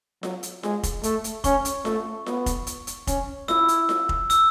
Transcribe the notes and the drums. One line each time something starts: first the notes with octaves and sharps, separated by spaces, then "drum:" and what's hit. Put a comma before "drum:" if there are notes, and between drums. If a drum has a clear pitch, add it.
F#3, drum: snare F4
drum: hi-hat
G#3, drum: snare F4
drum: kick F1, hi-hat
A3, drum: hi-hat
drum: hi-hat
C#4 C#6, drum: kick F1, hi-hat
drum: hi-hat
A3, drum: snare F4
B3, drum: snare F4
drum: kick F1, hi-hat
drum: hi-hat
drum: hi-hat
C#4, drum: kick F1, hi-hat
E4 E6, drum: snare F4
drum: hi-hat
drum: snare F4
drum: kick F1
E6, drum: hi-hat